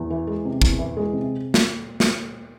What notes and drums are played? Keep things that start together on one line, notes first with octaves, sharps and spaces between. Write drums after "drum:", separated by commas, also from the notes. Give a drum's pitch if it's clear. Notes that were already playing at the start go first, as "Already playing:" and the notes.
Already playing: E2
E3
G#3
C3
E2, drum: kick
E3
G#3
C3
drum: snare
drum: snare